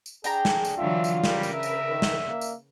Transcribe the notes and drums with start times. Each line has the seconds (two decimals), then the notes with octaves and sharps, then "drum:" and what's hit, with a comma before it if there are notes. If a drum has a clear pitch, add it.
0.06 drum: tambourine
0.24 D4 G#4 G5 A#5, drum: tambourine
0.45 drum: snare
0.65 drum: tambourine
0.78 D3 E3 F#3 F4 E5
1.04 drum: tambourine
1.24 C#3 G3 A#4 B4, drum: snare
1.43 drum: tambourine
1.53 E5
1.63 drum: tambourine
1.90 D#3
2.02 drum: snare
2.28 A#3
2.41 drum: tambourine